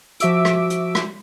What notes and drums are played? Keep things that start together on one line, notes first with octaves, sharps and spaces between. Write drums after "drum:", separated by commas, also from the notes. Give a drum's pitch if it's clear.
F3 F#4 E5 D6 E6 D7, drum: hi-hat
drum: rim click
drum: hi-hat
drum: rim click